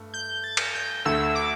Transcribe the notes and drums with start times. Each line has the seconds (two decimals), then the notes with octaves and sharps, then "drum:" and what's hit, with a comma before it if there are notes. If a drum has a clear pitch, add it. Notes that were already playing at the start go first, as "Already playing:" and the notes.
Already playing: G2 A3
0.14 G6
0.44 A6
0.57 drum: cymbal
0.75 G6
1.05 D2 D3 A3 E6
1.35 D6